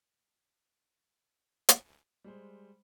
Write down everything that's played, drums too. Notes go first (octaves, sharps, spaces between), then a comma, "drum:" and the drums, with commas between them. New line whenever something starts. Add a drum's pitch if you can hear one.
drum: hi-hat
G3 G#3 C5